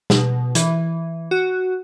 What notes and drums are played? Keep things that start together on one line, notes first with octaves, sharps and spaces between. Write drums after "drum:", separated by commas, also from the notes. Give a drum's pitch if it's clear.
B2, drum: snare
E3, drum: hi-hat
F#4